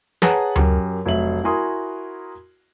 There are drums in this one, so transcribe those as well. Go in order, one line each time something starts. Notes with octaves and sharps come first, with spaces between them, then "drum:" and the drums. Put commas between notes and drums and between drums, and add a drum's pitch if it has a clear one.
G#4 B4 C#5 F#5 A5 A#5, drum: snare
F#2 G4 A#4, drum: tom D2
F1 F#3 E5 F#7
E4 F#4 A#4 G#5 C6 D#6